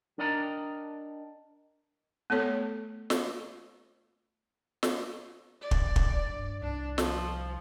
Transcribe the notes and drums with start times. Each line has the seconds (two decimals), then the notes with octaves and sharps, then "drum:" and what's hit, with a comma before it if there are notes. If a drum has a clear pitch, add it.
0.18 D4 A#4 D5 D#5 G5 A#5
2.30 A3 B3 A4 C#5
3.10 drum: snare
4.83 drum: snare
5.62 D5
5.71 drum: kick
5.96 C2, drum: kick
6.28 G2
6.62 C2 D4
6.98 F3, drum: snare